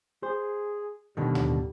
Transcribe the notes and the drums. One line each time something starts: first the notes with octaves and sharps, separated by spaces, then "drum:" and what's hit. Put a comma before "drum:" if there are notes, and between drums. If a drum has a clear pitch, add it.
G#4 C5
B2 D3 D#3 G3
drum: tom